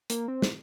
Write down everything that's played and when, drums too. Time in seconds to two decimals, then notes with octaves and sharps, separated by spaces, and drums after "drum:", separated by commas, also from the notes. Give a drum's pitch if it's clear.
0.10 A#3, drum: hi-hat
0.28 C4
0.42 drum: snare